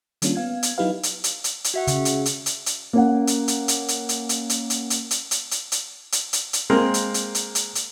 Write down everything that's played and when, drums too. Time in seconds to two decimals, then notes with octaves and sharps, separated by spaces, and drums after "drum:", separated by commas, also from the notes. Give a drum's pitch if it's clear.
0.22 D#3 G3 A#3 C#4 D4 F4, drum: hi-hat
0.36 B3 F5 G#6
0.63 drum: hi-hat
0.78 F#3 D#4 E4 G4 B4 F5
1.03 drum: hi-hat
1.24 drum: hi-hat
1.44 drum: hi-hat
1.64 drum: hi-hat
1.74 F#4 E5 F#5
1.87 C#3, drum: hi-hat
2.05 drum: hi-hat
2.26 drum: hi-hat
2.46 drum: hi-hat
2.66 drum: hi-hat
2.93 A#3 C#4 F#5
3.27 drum: hi-hat
3.48 drum: hi-hat
3.68 drum: hi-hat
3.88 drum: hi-hat
4.09 drum: hi-hat
4.29 drum: hi-hat
4.49 drum: hi-hat
4.70 drum: hi-hat
4.90 drum: hi-hat
5.11 drum: hi-hat
5.31 drum: hi-hat
5.51 drum: hi-hat
5.72 drum: hi-hat
6.12 drum: hi-hat
6.33 drum: hi-hat
6.53 drum: hi-hat
6.70 G#3 A#3 C4 A#4
6.94 drum: hi-hat
7.14 drum: hi-hat
7.35 drum: hi-hat
7.55 drum: hi-hat
7.75 drum: hi-hat